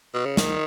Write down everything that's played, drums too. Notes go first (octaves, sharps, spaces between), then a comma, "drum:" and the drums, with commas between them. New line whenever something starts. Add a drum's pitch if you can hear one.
B2
C#3
D#3, drum: snare